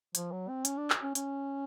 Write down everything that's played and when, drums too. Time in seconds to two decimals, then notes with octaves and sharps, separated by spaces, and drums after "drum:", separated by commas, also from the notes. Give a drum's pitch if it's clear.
0.15 F3, drum: hi-hat
0.32 F#3
0.48 C4
0.65 C#4, drum: hi-hat
0.77 D4
0.90 drum: clap
1.03 C#4
1.15 C#4, drum: hi-hat